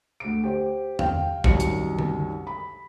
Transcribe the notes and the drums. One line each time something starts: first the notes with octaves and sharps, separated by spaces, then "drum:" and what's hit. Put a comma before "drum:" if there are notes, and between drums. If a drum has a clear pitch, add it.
D2 D7
G4 C5
F5 G5, drum: tom
C2 F#2 D#3 C#7, drum: kick
drum: hi-hat
drum: tom
B5